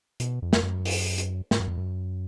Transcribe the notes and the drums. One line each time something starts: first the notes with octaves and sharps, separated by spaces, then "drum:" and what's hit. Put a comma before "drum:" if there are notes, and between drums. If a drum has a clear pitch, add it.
B2, drum: hi-hat
F2
drum: snare
F#2
drum: open hi-hat
drum: hi-hat
G#2, drum: snare
F#2
F2
F#2